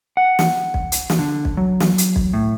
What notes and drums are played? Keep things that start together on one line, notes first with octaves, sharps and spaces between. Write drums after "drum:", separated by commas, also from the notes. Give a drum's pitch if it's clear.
F#5
drum: snare
drum: kick B1
drum: hi-hat
drum: snare
D3
drum: kick B1
F#3
drum: snare
drum: hi-hat
drum: kick B1
A2